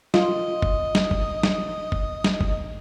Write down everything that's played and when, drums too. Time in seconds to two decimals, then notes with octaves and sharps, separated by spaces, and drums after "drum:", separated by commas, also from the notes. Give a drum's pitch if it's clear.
0.14 F4 D#5, drum: snare
0.62 drum: kick
0.95 drum: snare
1.11 drum: kick
1.43 drum: snare
1.92 drum: kick
2.24 drum: snare
2.41 drum: kick